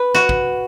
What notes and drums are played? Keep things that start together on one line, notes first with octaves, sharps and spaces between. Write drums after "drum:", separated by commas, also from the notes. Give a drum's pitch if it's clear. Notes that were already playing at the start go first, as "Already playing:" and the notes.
Already playing: B4
F#4
drum: kick